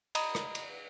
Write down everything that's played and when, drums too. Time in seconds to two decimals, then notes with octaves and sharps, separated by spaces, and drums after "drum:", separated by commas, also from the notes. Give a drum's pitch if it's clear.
0.15 D#5 A#5 B5 D#6, drum: cymbal
0.35 drum: rim click
0.55 drum: cymbal